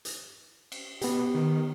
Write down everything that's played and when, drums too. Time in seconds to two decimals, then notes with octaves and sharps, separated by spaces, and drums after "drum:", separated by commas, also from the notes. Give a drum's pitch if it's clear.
0.05 drum: hi-hat
0.72 drum: cymbal
1.02 B2 B3 G4, drum: hi-hat
1.35 D#3